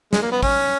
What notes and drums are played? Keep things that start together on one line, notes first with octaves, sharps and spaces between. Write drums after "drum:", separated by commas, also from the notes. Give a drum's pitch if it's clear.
G#3, drum: snare
A#3
B3
C#4, drum: kick, open hi-hat